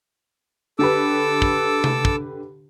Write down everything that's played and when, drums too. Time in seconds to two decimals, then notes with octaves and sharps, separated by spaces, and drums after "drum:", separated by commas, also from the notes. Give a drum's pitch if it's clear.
0.79 D3 G4 A4 B4 D6 E6
1.42 drum: kick
1.84 drum: tom C3
2.05 drum: kick